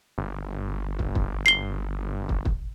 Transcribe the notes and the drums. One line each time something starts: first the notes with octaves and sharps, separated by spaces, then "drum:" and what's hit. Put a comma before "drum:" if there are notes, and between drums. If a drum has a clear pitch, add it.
G1
drum: kick
drum: kick
C7 G7
drum: kick
drum: kick